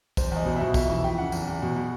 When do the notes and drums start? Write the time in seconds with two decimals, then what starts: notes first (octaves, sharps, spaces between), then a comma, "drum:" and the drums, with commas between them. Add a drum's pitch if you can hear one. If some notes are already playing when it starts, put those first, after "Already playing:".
0.17 E2 C5, drum: kick, tambourine
0.31 E2 D#5
0.45 B2
0.56 B2 E5
0.74 F2 E5, drum: kick, tambourine
0.89 E3 E5
1.04 F2 G5
1.18 C#3 F#5
1.32 E2, drum: tambourine
1.47 E2
1.62 B2
1.76 B2